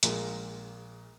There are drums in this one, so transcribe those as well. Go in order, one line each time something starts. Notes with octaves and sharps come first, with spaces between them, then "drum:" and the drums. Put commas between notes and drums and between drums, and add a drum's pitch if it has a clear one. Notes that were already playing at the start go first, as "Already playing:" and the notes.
A#1 A#2 G#3 A#3, drum: hi-hat